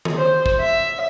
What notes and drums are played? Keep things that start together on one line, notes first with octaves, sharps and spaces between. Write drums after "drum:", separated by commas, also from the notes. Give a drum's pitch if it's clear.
drum: tom D#3
C5
drum: kick
E5